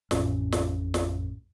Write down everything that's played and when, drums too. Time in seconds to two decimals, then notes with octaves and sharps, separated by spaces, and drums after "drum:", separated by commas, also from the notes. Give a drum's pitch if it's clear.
0.11 A1 F2 A2 C#4, drum: snare
0.52 drum: snare
0.94 drum: snare